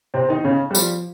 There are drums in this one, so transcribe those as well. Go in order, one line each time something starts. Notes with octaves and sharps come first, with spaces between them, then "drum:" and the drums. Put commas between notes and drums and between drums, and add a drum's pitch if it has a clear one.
C3 C4
D#3 D#4
C#3 C#4
G3
F3, drum: tambourine